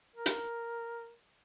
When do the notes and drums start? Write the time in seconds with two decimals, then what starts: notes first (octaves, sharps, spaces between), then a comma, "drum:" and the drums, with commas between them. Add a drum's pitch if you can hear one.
0.16 A#4
0.26 drum: hi-hat